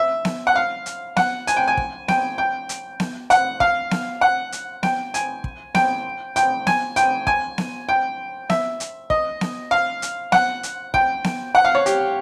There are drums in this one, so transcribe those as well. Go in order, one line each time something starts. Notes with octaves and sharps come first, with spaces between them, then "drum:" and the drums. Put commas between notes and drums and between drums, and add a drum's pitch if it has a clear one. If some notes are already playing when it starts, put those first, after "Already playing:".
Already playing: E5
drum: snare B3
F#5
F5
drum: hi-hat
F#5, drum: snare B3
G#5, drum: hi-hat
G5
G#5
drum: kick
G5, drum: snare B3
G5
drum: hi-hat
drum: snare B3
F#5, drum: hi-hat
F5, drum: kick
drum: snare B3
F#5
drum: hi-hat
G5, drum: snare B3
G#5, drum: hi-hat
drum: kick
G5, drum: snare B3
G5, drum: hi-hat
G#5, drum: snare B3
G5, drum: hi-hat
G#5, drum: kick
drum: snare B3
G5
E5, drum: snare B3
drum: hi-hat
D#5, drum: kick
drum: snare B3
F5
drum: hi-hat
F#5, drum: snare B3
drum: hi-hat
G5, drum: kick
drum: snare B3
F#5
F5
C#5
G4, drum: hi-hat